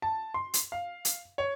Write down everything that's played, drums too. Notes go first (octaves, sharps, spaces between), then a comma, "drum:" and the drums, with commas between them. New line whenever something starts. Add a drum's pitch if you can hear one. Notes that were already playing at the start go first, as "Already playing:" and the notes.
A5
C6
drum: hi-hat
F5
drum: hi-hat
C#5